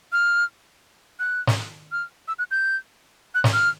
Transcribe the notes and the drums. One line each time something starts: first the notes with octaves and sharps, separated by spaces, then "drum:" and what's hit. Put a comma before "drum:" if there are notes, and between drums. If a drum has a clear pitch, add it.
F6
F#6
drum: snare
F6
E6
F#6
G6
F#6
drum: snare
F6